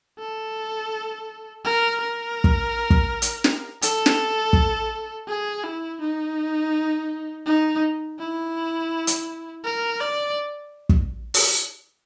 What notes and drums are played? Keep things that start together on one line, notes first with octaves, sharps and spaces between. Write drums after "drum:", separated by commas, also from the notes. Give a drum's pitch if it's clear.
A4
A#4
A#4
drum: kick
drum: kick
drum: hi-hat
drum: snare
A4, drum: hi-hat
drum: snare
drum: kick
G#4
E4
D#4
D#4
E4
drum: hi-hat
A#4
D5
drum: kick
drum: open hi-hat